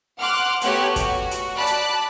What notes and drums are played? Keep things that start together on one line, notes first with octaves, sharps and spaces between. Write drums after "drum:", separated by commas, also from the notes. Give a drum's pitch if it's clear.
F#5 C6 D6 F6 F#6
A3 B3 F#4 G4 C#5 F#6, drum: hi-hat
F#4, drum: kick, hi-hat
drum: hi-hat
D5 A5 B5 F#6
drum: hi-hat